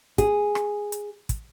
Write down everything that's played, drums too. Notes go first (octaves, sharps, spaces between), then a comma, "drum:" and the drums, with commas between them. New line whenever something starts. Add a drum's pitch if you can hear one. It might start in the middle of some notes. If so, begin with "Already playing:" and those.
G#4, drum: kick, hi-hat
drum: rim click
drum: hi-hat
drum: kick, hi-hat